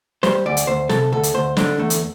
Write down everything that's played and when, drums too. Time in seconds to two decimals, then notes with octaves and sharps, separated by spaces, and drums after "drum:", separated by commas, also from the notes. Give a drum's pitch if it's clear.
0.23 G3 C5, drum: snare
0.46 D2 D5
0.57 drum: hi-hat
0.67 D2 C5
0.89 C3 A4, drum: snare
1.12 D2 A4
1.23 drum: hi-hat
1.34 D2 C5
1.57 D3 D4, drum: snare
1.78 E2 A3
1.90 drum: hi-hat